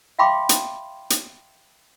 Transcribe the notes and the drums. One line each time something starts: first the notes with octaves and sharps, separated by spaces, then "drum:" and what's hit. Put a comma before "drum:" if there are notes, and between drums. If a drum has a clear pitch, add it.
E5 F5 G5 B5 C6 D6
drum: hi-hat
drum: hi-hat